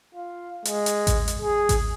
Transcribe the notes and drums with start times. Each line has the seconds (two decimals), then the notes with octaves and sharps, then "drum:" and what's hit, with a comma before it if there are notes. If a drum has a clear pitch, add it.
0.15 F4
0.65 G#3, drum: hi-hat
0.86 drum: hi-hat
1.07 drum: kick A1, hi-hat
1.28 drum: hi-hat
1.42 G#4
1.69 drum: kick A1, hi-hat